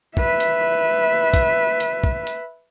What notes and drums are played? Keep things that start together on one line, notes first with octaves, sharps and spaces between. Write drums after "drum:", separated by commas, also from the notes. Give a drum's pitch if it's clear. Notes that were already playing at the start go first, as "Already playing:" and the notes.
B4 E5, drum: kick
drum: hi-hat
drum: kick, hi-hat
drum: hi-hat
drum: kick
drum: hi-hat